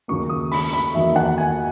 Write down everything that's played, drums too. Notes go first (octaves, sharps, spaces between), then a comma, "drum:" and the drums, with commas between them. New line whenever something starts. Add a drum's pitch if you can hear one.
D#2 C#3 F#3 A#3 C#6
D#6
B5, drum: open hi-hat
B5
E2 D#3 F#3 A#3 E5
F#5
G#5